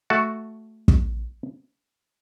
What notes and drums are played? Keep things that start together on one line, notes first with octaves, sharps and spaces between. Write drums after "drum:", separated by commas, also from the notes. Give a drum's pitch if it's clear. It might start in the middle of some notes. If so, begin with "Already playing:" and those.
A3 F#4 A5
drum: kick